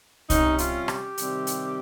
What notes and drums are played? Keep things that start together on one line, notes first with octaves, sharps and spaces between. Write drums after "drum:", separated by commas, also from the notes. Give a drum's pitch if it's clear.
C3 G3 C#4 D#4, drum: kick C2, hi-hat
F4, drum: hi-hat
G4, drum: rim click
C3 D#3 G3 C4, drum: hi-hat
drum: hi-hat